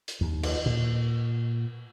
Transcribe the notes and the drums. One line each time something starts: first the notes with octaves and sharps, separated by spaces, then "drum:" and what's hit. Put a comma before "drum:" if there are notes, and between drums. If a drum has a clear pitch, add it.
drum: hi-hat
D#2
drum: cymbal
A#2